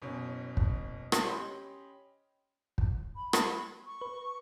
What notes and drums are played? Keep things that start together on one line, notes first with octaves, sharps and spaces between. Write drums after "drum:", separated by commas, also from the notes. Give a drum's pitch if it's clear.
F#1 B2 C#4
drum: kick
drum: rim click
C#4 G4 D#5 B5 C6
drum: kick
B5
drum: rim click
C#6
B4